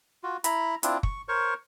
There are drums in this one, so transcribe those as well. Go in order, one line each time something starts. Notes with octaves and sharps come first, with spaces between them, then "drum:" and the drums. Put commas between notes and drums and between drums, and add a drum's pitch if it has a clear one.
F4 F#4
E4 A#5 B5, drum: hi-hat
C4 D4 E4 F4, drum: hi-hat
C#6, drum: kick
A#4 C5 C#5 C#6